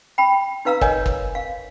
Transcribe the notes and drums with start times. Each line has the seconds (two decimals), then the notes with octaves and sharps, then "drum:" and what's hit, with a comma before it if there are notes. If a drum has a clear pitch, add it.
0.18 G5 B5
0.65 D#4 B4 F5 A#5 E6
0.81 A#4 C#5 D#5 G#5, drum: kick
1.06 drum: kick
1.35 F5